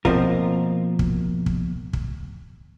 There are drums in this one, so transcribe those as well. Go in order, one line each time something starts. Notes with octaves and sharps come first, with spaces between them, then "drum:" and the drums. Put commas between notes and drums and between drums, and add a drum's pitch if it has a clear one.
B2 F3 A#3 C4 F4 A#4, drum: kick
drum: kick
drum: kick
drum: kick